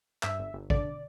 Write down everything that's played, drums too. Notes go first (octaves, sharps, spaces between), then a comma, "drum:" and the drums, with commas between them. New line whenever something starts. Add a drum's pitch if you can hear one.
G2 E5, drum: clap
G1
G1
D3 D5, drum: kick